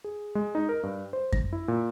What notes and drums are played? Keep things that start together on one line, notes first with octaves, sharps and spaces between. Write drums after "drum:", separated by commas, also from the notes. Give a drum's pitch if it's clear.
G#4
G#3
D#4
A#4
G2
C5
A#6, drum: kick F#2
E4
A#2